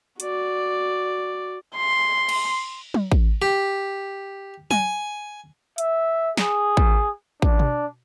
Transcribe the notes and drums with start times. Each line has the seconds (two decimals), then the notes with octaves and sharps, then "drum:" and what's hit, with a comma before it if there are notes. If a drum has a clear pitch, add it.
0.20 F#4 D5, drum: hi-hat
1.76 C6
2.29 drum: cymbal
2.94 drum: tom F#3
3.12 drum: kick A1
3.42 G4
4.71 G#5, drum: tom F#3
5.78 E5, drum: hi-hat
6.37 G#4, drum: snare
6.77 drum: kick A1
7.42 D4, drum: kick A1
7.59 drum: tom B2